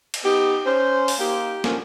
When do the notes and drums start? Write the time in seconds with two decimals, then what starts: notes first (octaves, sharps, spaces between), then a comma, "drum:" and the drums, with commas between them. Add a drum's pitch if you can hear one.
0.14 drum: cymbal
0.24 B3 D#4 G4
0.66 C#4 C5
1.08 drum: open hi-hat
1.19 A#3 D#4 G4
1.64 A#2 D3 F3 C#4 A#4, drum: snare